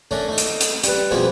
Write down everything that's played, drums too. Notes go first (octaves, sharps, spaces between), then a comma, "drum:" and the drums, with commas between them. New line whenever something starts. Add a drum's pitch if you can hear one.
A3 C#4 D4 A#4
A3 D#4
drum: hi-hat
drum: hi-hat
G3 B4, drum: hi-hat
F2 B2 A#3 B3 G#4 C5